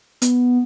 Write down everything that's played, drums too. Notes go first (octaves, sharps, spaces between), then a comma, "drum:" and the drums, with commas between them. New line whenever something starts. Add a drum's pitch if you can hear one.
B3, drum: hi-hat